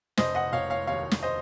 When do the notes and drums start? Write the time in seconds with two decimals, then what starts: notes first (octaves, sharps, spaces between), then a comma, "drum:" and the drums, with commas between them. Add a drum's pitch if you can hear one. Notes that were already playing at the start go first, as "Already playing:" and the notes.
0.17 F1 C5 D#5, drum: snare
0.35 D#5 F#5
0.53 F1 C#5 F5
0.70 C#5 F5
0.87 D#2 C#5 F5
1.11 drum: snare
1.23 C5 D#5